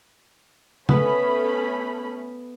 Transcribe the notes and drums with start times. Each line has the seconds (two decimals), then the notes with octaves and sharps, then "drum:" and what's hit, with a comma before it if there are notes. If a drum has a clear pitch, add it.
0.89 A3 B3 C#4 B5, drum: tom C#3